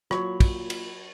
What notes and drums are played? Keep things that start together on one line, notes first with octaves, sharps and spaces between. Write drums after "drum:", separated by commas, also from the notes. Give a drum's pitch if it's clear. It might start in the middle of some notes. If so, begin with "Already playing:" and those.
A#2 F#3 C#5 B5, drum: rim click
drum: kick, cymbal
drum: cymbal